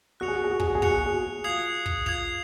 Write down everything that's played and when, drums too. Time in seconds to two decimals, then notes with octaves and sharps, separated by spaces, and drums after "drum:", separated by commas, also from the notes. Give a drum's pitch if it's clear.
0.20 F#4 F#6 C#7 F7
0.28 G#4
0.36 F#4
0.44 G#4
0.51 F#4
0.60 G#4, drum: kick
0.67 F#4
0.75 G#4
0.82 F#4 F#6 C#7 F7, drum: kick
0.91 G#4
0.98 F#4
1.06 G#4
1.14 F#4
1.44 F4 D#6 G#6 C7 F7
1.86 drum: kick
2.06 F4 D#6 G#6 C7 F7, drum: kick